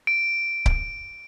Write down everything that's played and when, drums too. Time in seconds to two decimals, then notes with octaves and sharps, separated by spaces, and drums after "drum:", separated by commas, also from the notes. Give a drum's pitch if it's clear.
0.07 D7
0.66 drum: kick C#1